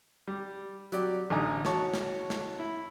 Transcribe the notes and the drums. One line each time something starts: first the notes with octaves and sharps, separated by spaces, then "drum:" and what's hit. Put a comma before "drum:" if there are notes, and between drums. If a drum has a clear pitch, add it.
G3
F#3 G4 D5, drum: hi-hat
A1 D3 D#4 G#5 A#5 D#6
F#4 C#5 A5 C#6, drum: snare
drum: snare
drum: snare
E4